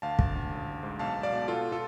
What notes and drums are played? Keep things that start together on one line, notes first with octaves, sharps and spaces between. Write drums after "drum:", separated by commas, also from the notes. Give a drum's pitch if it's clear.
D2 F5 A5
D2, drum: kick
D2
A1
A1
G#2
B1 F5 A5
B1
D5 F5
B2
B2 F4 A4
F4 A4